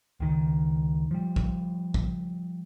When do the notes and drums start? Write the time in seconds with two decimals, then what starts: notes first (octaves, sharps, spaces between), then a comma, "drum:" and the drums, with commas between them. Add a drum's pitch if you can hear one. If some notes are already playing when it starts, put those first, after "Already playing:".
0.20 C#2 D#3
1.11 F3 G3
1.36 drum: kick
1.94 drum: kick